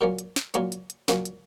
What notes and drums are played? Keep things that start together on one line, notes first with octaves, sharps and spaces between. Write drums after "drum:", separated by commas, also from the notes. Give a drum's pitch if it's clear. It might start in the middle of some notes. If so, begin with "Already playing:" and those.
A#2 F#3 A#3 C#4
drum: hi-hat
drum: snare
A#2 F#3 A#3 C#4, drum: hi-hat
drum: hi-hat
drum: hi-hat
A#2 F#3 A#3 C#4, drum: snare
drum: hi-hat